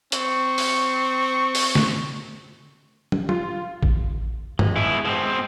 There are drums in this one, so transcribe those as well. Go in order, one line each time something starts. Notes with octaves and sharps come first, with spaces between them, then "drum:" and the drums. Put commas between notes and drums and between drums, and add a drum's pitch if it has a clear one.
C4 C#6, drum: hi-hat
drum: open hi-hat
drum: open hi-hat
drum: snare
drum: tom
F4, drum: tom
drum: kick A1
G#3, drum: tom G2
B2 E4
B2 C4